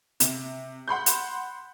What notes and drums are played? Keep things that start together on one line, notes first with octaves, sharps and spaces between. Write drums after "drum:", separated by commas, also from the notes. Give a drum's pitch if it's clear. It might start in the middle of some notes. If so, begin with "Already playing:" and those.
C3, drum: hi-hat
F#5 B5 C6 G6
drum: hi-hat